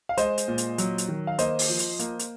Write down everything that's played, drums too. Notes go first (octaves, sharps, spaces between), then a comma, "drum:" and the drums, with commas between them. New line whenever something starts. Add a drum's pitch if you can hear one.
F5
G#3 C5 D#5, drum: hi-hat
drum: hi-hat
A#2
drum: hi-hat
F#3, drum: hi-hat
drum: hi-hat
D#3
F5
A#3 C5 D#5, drum: hi-hat
drum: open hi-hat
F3
drum: hi-hat
A#3, drum: hi-hat
drum: hi-hat